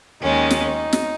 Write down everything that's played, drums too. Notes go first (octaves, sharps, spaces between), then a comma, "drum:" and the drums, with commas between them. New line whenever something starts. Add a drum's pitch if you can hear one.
D#2 D#3 G#3 C#4 D#4
drum: snare
drum: snare